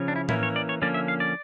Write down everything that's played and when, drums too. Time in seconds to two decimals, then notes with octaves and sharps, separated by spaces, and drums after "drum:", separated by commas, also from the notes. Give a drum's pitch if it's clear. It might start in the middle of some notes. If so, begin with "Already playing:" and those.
Already playing: C#3 F3 C#4
0.08 D4
0.16 E4
0.29 E3 A#3 C#4 E4, drum: tom A2
0.43 C#5
0.56 D5
0.69 C#5
0.82 D3 F3 A#3 C#4 D5
0.94 E5
1.08 F5
1.20 D5